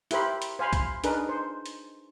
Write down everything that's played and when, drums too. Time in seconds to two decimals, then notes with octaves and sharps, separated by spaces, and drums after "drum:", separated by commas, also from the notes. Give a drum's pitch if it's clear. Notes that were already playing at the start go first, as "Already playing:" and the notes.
0.11 E4 G4 A#4 C5 B5, drum: hi-hat
0.42 drum: hi-hat
0.59 C5 F5 G#5 B5 C6
0.73 drum: kick B1, hi-hat
1.04 D4 D#4 G#4 A#4 B4, drum: hi-hat
1.29 C5
1.66 drum: hi-hat